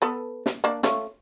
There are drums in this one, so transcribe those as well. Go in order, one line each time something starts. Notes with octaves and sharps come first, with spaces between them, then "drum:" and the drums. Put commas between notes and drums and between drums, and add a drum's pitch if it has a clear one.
B3 A4 B4
drum: snare
A#3 D4
A3 C#4 F4, drum: snare